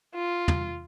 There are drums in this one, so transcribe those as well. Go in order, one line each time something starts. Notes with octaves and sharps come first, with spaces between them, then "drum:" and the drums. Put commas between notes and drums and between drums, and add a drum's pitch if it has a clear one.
F4
drum: tom E2